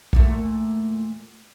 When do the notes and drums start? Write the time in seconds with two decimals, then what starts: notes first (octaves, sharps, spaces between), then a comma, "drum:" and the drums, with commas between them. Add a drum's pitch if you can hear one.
0.13 E2 A#2 A3, drum: kick B1